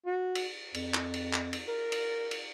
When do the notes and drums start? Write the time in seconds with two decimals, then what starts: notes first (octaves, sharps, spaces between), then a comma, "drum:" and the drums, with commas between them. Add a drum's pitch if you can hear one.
0.06 F#4
0.35 drum: cymbal
0.74 F2, drum: cymbal
0.94 drum: clap
1.14 drum: cymbal
1.33 drum: clap
1.53 drum: cymbal
1.68 A#4
1.92 drum: cymbal
2.31 drum: cymbal